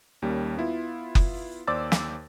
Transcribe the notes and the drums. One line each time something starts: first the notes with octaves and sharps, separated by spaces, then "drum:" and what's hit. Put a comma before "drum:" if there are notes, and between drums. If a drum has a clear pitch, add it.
D#2 G3 A#3 C#4
B3 E4 F4
drum: kick F#1
D#2 C5 D5 D6 E6 A6
drum: snare